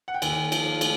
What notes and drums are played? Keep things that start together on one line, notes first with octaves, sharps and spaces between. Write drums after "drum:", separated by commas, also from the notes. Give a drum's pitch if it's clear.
F#5
G5
D#2 G#5, drum: cymbal
F3, drum: cymbal
A3, drum: cymbal